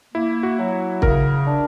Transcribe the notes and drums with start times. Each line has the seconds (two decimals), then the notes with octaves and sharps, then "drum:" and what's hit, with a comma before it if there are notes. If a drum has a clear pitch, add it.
0.14 A#3 E4
0.43 F#4
0.59 F#3
1.02 C#3 A#4, drum: kick
1.45 D4